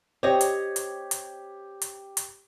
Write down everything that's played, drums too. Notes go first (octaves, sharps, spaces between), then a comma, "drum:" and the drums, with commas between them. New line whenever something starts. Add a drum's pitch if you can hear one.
C4 G4 C#5 D#5
drum: hi-hat
drum: hi-hat
drum: hi-hat
drum: hi-hat
drum: hi-hat